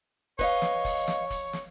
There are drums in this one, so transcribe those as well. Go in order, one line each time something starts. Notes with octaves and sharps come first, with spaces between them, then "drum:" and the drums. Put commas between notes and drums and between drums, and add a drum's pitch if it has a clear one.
B4 C#5 D#5 F5, drum: kick, hi-hat
drum: snare
drum: kick, open hi-hat
drum: snare
drum: kick, hi-hat
drum: snare